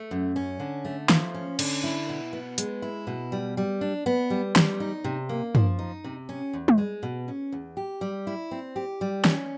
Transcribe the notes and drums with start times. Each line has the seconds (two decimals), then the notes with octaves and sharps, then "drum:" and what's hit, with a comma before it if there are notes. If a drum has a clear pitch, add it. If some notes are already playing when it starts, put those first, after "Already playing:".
Already playing: A3
0.11 F#2
0.36 C#4
0.60 D3
0.85 A3
1.09 F3, drum: snare
1.35 C#4
1.59 D3, drum: cymbal
1.84 E4
2.09 B2
2.33 B3
2.58 G#3, drum: hi-hat
2.82 E4
3.07 B2
3.32 G3
3.57 G3
3.81 D4
4.06 B3
4.30 G3
4.56 G3, drum: snare
4.80 D#4
5.04 C3
5.29 A#3
5.55 F3, drum: tom
5.79 D#4
6.04 C3
6.29 C#4
6.53 E2
6.68 drum: tom
6.78 G#3
7.03 B2
7.28 C#4
7.52 E2
7.77 G4
8.01 G3
8.27 E4
8.51 C4
8.76 G4
9.01 G3
9.25 C#4, drum: snare